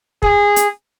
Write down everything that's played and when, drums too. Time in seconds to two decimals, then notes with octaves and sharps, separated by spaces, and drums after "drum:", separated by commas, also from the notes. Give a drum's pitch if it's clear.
0.22 G#4, drum: kick
0.56 drum: hi-hat